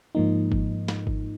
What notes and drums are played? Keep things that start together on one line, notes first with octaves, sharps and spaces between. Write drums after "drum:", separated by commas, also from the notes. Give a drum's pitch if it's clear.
G#2 F3 A#3 D#4
drum: kick G1
drum: snare
drum: kick G1